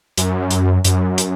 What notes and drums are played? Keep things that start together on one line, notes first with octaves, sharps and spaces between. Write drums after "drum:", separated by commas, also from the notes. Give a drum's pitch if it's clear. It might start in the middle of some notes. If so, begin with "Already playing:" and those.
F#2, drum: hi-hat
drum: hi-hat
F#2, drum: hi-hat
drum: hi-hat